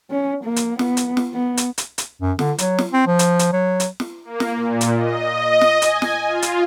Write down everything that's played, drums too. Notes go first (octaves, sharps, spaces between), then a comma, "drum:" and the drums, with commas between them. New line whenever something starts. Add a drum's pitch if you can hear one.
C#4
A#3
drum: hi-hat
B3, drum: snare
drum: hi-hat
drum: snare
B3
drum: hi-hat
drum: hi-hat
drum: hi-hat
F#2
D3, drum: snare
F#3, drum: hi-hat
drum: snare
C4
F3
drum: hi-hat
drum: hi-hat
F#3
drum: hi-hat
drum: snare
A#3
drum: snare
A#2
drum: hi-hat
D#5
D#5
drum: snare
G#5, drum: hi-hat
drum: snare
F4
drum: hi-hat